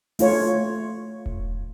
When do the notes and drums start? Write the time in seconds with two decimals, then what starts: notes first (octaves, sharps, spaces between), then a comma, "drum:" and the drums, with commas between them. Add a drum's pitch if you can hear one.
0.19 A3 F4 C#5, drum: open hi-hat
1.26 drum: kick E1